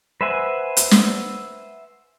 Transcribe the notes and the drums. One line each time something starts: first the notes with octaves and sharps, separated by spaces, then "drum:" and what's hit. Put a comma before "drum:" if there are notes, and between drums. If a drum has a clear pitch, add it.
B4 C5 E5 F#5 G#5
drum: hi-hat
drum: snare